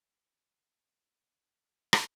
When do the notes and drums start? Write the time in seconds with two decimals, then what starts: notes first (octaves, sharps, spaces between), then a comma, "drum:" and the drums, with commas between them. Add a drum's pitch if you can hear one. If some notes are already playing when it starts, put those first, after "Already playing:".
0.01 F#2 E3 G#3 E5
0.14 F#5
0.25 E5
0.36 F#5
0.48 C#5 E5
0.71 A4 C#5
0.89 F#4 A4
1.07 D4 F#4
1.24 B3 D4
1.42 A2 G#3 A3
1.93 drum: rim click